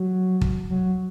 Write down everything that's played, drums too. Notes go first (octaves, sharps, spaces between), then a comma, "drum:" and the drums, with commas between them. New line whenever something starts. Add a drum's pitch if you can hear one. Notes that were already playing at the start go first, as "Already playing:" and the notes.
Already playing: F#3
drum: kick
F#3